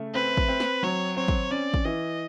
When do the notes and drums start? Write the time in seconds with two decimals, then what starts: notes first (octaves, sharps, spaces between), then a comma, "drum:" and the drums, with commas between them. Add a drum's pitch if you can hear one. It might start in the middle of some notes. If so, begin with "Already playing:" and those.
Already playing: C#3 A3
0.14 C4 B4
0.37 drum: kick
0.49 C4
0.60 drum: snare
0.83 F#3 C#5
1.17 C4 C#5
1.28 drum: kick
1.51 C#4 D5
1.74 drum: kick
1.84 E3 D#5